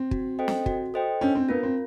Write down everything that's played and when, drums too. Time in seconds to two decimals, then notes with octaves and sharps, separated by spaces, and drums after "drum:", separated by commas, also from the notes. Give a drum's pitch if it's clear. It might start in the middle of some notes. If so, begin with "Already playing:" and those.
Already playing: C4
0.11 F#4, drum: kick
0.39 A4 C5 D#5 G5
0.48 drum: snare
0.66 F#4, drum: kick
0.94 A4 C5 D#5 G5
1.21 C#4 D4
1.35 C4
1.49 B3 F4 A#4
1.63 C4